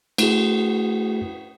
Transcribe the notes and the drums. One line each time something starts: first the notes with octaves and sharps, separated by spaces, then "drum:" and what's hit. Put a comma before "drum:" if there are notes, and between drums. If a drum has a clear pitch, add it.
A3 E4 F#4 G#4, drum: cymbal